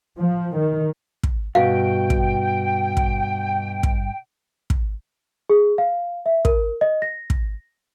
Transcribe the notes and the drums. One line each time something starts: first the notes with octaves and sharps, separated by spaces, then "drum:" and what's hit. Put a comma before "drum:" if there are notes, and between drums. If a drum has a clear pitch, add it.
F3
D#3
drum: kick
G2 B2 F#4 F5 G5
drum: kick
drum: kick
drum: kick
drum: kick
G#4
F5
E5
A#4, drum: kick
D#5
A#6
drum: kick